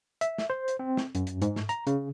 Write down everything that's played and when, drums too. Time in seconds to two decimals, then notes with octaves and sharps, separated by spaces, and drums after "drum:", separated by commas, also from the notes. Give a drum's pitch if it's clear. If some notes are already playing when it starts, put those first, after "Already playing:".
0.21 E5, drum: hi-hat
0.38 drum: snare
0.50 C5
0.68 drum: hi-hat
0.79 C4
0.97 drum: snare
1.15 F#2, drum: hi-hat
1.27 drum: hi-hat
1.42 G#2, drum: hi-hat
1.56 drum: snare
1.69 A#5, drum: hi-hat
1.87 C#3, drum: hi-hat